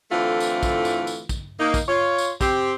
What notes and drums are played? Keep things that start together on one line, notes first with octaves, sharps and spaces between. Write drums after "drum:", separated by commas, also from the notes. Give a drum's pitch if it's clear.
D3 E3 A3 C4 E4 F4
drum: tambourine
drum: kick, tambourine
drum: tambourine
drum: tambourine
drum: kick, tambourine
A#3 D#4
drum: kick, tambourine
F4 C#5
drum: tambourine
C4 G4, drum: kick, tambourine